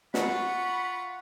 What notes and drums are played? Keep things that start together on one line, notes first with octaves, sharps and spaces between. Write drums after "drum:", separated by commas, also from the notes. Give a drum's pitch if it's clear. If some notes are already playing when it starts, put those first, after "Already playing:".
F4 F#5 B5 C#6, drum: snare